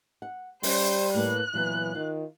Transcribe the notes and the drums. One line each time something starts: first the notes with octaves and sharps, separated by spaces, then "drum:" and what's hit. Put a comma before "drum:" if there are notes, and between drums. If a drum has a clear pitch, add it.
F#5
G3 C#4 C5, drum: open hi-hat
A2 A#3 B4 F#6
A#2 E3 F#3 B3
D#3 F4